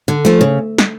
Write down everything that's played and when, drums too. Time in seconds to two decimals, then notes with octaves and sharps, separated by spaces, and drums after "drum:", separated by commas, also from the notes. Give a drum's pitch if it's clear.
0.08 D3
0.25 F3 A3
0.41 C#3
0.78 drum: snare